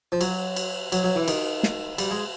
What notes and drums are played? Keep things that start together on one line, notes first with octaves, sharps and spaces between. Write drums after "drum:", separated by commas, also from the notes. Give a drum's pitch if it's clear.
F3
F#3, drum: cymbal
drum: cymbal
F#3, drum: cymbal
F#3
E3
D#3, drum: cymbal
drum: snare
G3, drum: cymbal
G#3